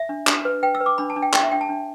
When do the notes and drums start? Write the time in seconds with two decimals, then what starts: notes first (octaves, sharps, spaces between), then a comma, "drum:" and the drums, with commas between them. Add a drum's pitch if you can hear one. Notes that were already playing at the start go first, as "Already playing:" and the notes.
Already playing: E5
0.09 D4
0.27 D4, drum: clap
0.45 B4
0.63 B4 G5
0.75 E6
0.81 B4
0.86 D6
0.98 D4 B5
1.10 A5
1.16 D4
1.22 G5
1.33 G4 G5, drum: clap
1.43 E5
1.51 D4 G5
1.61 A5
1.69 D4